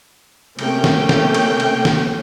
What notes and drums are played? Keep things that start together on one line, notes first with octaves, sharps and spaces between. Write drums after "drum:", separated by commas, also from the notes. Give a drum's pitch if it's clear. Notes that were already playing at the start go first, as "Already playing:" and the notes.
C3 A3 A#3 C#4 G5 G6, drum: cymbal
drum: snare
drum: snare
drum: cymbal
drum: cymbal
drum: snare